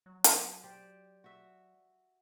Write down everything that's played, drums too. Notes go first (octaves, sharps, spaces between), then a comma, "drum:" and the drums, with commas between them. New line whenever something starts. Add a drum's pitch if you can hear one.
F#3
drum: hi-hat
G4 C5 D5
F#4 E5